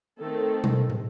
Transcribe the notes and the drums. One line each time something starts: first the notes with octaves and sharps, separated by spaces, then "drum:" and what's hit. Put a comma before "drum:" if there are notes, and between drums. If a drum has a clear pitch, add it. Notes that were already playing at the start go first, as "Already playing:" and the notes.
D#3 A3 C4 A4
drum: tom B2
drum: tom